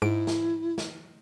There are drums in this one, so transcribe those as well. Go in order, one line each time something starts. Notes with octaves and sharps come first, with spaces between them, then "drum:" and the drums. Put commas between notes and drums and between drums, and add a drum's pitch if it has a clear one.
G#2 E4 D7
drum: snare
drum: snare